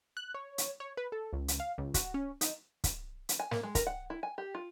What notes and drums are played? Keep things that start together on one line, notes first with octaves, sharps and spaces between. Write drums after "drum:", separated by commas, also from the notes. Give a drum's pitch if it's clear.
F#6
C#5
drum: hi-hat
C#5
B4
A4
C#2
drum: hi-hat
F5
C#2
F#4, drum: kick, hi-hat
C#4
D#4, drum: hi-hat
drum: kick, hi-hat
drum: hi-hat
G#5
A#3, drum: snare
G#3
A#4, drum: kick, hi-hat
F#5
E4
G#5
G4
F4